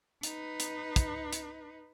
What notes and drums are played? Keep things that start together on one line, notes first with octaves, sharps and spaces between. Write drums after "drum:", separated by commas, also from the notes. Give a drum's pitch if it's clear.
D#4 B4, drum: hi-hat
drum: hi-hat
drum: kick, hi-hat
drum: hi-hat